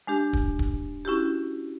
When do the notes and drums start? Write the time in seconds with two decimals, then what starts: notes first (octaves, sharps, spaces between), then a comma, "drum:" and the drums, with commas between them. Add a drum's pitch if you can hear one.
0.07 G#3 D4 G4
0.33 drum: kick
0.59 drum: kick
1.05 C#4 E4 F#4 G4